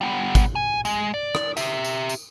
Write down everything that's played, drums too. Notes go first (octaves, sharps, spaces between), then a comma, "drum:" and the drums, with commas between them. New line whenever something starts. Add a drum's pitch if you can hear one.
G3 B3
drum: kick, tambourine
G#5
G#3, drum: tambourine
D5
drum: rim click
G4 E5, drum: tambourine
drum: tambourine
drum: tambourine